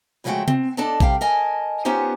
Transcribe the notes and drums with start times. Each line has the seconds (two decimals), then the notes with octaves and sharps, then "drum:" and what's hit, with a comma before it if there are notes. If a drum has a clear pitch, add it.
0.24 C#3 F3 G#3 A3 F#4 G5
0.48 C4, drum: tom C3
0.77 D4 A4 D5 D#5 A5
1.00 C3 G3 F5 G5, drum: kick A#1
1.21 A#4 D#5 G#5 A5
1.85 B3 C#4 D#4 F4 G4 C5